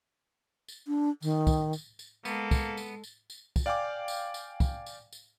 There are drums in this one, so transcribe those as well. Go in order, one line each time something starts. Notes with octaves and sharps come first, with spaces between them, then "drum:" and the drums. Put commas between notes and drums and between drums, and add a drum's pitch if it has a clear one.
drum: tambourine
D4
D#3, drum: tambourine
drum: kick, tambourine
drum: tambourine
drum: tambourine
G#3 A#3 B3 A4, drum: tambourine
drum: kick, tambourine
drum: tambourine
drum: tambourine
drum: tambourine
drum: kick, tambourine
D5 F5 G5 G#5 D6
drum: tambourine
drum: tambourine
drum: kick, tambourine
drum: tambourine
drum: tambourine